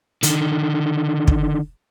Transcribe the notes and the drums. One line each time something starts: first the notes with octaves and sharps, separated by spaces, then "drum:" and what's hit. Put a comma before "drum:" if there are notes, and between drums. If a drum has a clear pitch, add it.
D3 D#3, drum: hi-hat
drum: kick